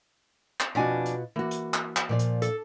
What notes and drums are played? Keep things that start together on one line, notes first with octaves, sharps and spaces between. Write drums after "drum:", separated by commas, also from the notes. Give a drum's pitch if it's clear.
drum: clap
F2 B2 D4 F4 F#4 G#5
drum: hi-hat
E3 A#3 F#4
drum: hi-hat
drum: clap
drum: clap
A#2 F3 D5
drum: hi-hat
A4, drum: hi-hat